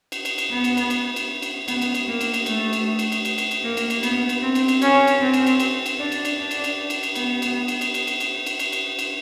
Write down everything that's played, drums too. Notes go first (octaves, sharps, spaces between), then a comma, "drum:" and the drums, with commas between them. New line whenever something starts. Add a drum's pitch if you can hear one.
drum: cymbal
drum: cymbal
drum: cymbal
B3
drum: cymbal
drum: cymbal
drum: cymbal
drum: cymbal
drum: cymbal
B3, drum: cymbal
drum: cymbal
drum: cymbal
A#3
drum: cymbal
drum: cymbal
A3, drum: cymbal
drum: cymbal
drum: cymbal
drum: cymbal
drum: cymbal
drum: cymbal
drum: cymbal
A#3
drum: cymbal
drum: cymbal
B3, drum: cymbal
drum: cymbal
C4
drum: cymbal
drum: cymbal
C#4, drum: cymbal
drum: cymbal
C4
drum: cymbal
drum: cymbal
drum: cymbal
drum: cymbal
D4
drum: cymbal
drum: cymbal
D4
drum: cymbal
drum: cymbal
drum: cymbal
drum: cymbal
B3, drum: cymbal
drum: cymbal
drum: cymbal
drum: cymbal
drum: cymbal
drum: cymbal
drum: cymbal
drum: cymbal
drum: cymbal
drum: cymbal
drum: cymbal